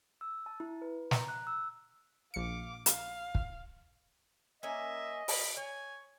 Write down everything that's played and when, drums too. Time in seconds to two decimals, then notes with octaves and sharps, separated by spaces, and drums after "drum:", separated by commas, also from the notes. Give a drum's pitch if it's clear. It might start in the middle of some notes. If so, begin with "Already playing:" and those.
0.21 E6
0.46 A5
0.60 E4
0.82 B4
1.11 A#5, drum: snare
1.28 F#6
1.47 E6
2.34 A#1 F5 D6 C#7
2.86 F5, drum: hi-hat
3.35 drum: kick
4.63 A#3 C#4 D#5 E5 G#5
5.28 B5, drum: open hi-hat
5.57 C#5 G#5